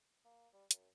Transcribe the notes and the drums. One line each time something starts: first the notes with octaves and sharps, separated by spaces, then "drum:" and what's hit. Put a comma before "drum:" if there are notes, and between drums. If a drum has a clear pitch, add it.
A#3
G3
F#2, drum: hi-hat